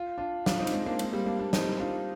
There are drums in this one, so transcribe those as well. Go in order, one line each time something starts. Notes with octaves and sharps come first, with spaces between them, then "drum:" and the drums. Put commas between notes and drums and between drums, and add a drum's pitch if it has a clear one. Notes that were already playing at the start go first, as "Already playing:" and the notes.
Already playing: F4
D4 F4
D4 F4, drum: snare
C4 D#4
D4, drum: cymbal
G#3 C4
A#3 D4
G#3 C4, drum: cymbal
G3 A#3
A#3 D4
A#3 D4
C4 D#4, drum: snare
D4 F4